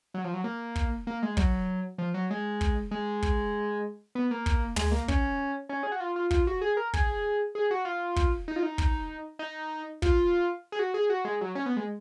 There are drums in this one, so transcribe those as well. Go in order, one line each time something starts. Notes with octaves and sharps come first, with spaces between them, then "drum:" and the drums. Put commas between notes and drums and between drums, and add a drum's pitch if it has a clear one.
F#3
F3
F#3
A#3
drum: kick
A#3
G#3
F#3, drum: kick
F3
F#3
G#3
drum: kick
G#3
drum: kick
B3
A#3
drum: kick
G#3, drum: tom
A#3
C#4, drum: kick
C#4
G#4
F#4
F4
F4
F4, drum: kick
F#4
G#4
A#4
G#4, drum: kick
G#4
F#4
F4
drum: kick
D#4
F4
D#4
drum: kick
D#4
F4, drum: kick
G#4
F#4
G#4
F#4
G#3
F#3
C#4
B3
G#3